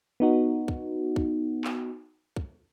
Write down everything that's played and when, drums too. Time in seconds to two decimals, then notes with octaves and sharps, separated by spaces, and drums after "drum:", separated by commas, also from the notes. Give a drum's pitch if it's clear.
0.20 B3 D#4 F#4
0.68 drum: kick
1.16 drum: kick
1.64 drum: clap
2.36 drum: kick